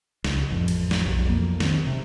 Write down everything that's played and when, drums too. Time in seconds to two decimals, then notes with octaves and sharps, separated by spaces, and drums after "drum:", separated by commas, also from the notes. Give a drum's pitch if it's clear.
0.24 C#2, drum: snare
0.50 A1 F2
0.68 drum: cymbal
0.91 drum: snare
1.06 B1 F#3
1.25 F2 A#3
1.60 D#3 C4, drum: snare
1.87 C3